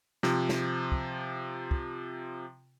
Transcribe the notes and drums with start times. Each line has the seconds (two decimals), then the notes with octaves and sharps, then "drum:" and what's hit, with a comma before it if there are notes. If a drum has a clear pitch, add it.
0.23 C3 F3, drum: snare
0.49 drum: snare
0.92 drum: kick
1.71 drum: kick